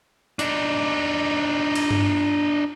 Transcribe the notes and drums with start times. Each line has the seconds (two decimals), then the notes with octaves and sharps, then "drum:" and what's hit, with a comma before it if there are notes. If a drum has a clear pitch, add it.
0.39 D4 D#4, drum: hi-hat
1.75 drum: cymbal
1.91 drum: tom G2